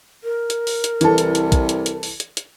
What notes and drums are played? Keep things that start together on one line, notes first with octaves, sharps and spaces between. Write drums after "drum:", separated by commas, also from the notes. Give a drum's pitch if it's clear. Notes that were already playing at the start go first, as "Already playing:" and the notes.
A#4
drum: hi-hat
drum: open hi-hat
drum: hi-hat
C2 E3 A4, drum: hi-hat
drum: hi-hat
drum: hi-hat
drum: kick A#1, hi-hat
drum: hi-hat
drum: hi-hat
drum: open hi-hat
drum: hi-hat
drum: hi-hat